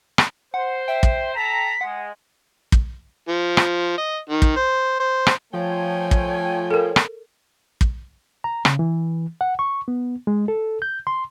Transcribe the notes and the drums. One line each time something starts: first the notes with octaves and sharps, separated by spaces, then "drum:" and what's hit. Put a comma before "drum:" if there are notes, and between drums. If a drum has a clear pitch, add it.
drum: rim click
C5 F#5
E5 G5
drum: kick
A4 A5 A#5 B6
G#3 F#5
drum: kick
F3
drum: rim click
D#5
D#3
drum: kick
C5
C5
drum: rim click
F3 A3 C#5 G5 G#5
drum: kick
A4 A#4
drum: rim click
drum: kick
A#5
C#3, drum: rim click
E3
F#5
C#6
B3
G#3
A4
G6
C6